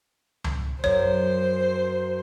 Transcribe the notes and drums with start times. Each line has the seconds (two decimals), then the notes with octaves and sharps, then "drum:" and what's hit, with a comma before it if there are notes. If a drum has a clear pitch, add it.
0.44 drum: tom C#2
0.84 F#2 C5 C#5, drum: kick